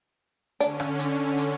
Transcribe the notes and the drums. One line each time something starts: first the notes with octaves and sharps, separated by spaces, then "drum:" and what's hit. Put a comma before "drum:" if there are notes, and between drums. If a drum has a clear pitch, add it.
D3 C#4 D4, drum: hi-hat
drum: rim click
drum: hi-hat
drum: hi-hat